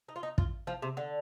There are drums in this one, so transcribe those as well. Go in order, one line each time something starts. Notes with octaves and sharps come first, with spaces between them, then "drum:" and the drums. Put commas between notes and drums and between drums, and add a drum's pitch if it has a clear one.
D#4
F4
D#4
F4, drum: kick
F3
C3
D3